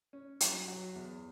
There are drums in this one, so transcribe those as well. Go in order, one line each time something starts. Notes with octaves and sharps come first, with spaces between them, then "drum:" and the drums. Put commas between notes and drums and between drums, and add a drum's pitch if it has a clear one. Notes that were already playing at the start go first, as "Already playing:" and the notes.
C#4
F#3, drum: hi-hat
F#3 F#4
E2